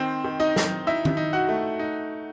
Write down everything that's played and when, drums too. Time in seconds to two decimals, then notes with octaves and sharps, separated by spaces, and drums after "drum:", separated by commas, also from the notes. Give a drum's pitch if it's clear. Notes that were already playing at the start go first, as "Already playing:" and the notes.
Already playing: D#3 C4 C5
0.25 D#3
0.40 D#4 D#5
0.56 D#3, drum: snare
0.87 D#4 E4 E5
1.05 drum: tom D#3
1.17 D#4
1.33 F#4 F#5
1.49 A3
1.79 D#4